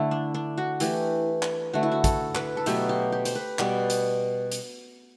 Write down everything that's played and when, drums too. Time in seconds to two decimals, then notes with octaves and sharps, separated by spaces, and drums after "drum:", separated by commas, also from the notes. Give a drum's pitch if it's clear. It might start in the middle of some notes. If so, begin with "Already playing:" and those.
Already playing: D3 A3 E4
0.11 D4
0.34 D4
0.58 F#4
0.80 E3 A3 G4, drum: hi-hat
1.43 drum: clap
1.73 D3 A3 F#4
1.83 E4
1.92 F#4
2.04 A4, drum: kick, hi-hat
2.35 B4, drum: clap
2.57 A4
2.66 B2 F#3 A3 G4, drum: hi-hat
2.89 G4
3.12 G4
3.25 C5, drum: hi-hat
3.35 B4
3.59 B2 G3 B3 D5, drum: clap
3.90 drum: hi-hat
4.52 drum: hi-hat